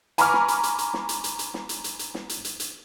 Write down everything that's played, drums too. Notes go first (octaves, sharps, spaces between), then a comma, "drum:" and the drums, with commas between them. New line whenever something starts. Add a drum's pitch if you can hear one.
G#5 A#5 B5 C#6 D6 F6, drum: hi-hat
drum: snare
drum: hi-hat
drum: hi-hat
drum: hi-hat
drum: snare
drum: hi-hat
drum: hi-hat
drum: hi-hat
drum: snare
drum: hi-hat
drum: hi-hat
drum: hi-hat
drum: snare
drum: hi-hat
drum: hi-hat
drum: hi-hat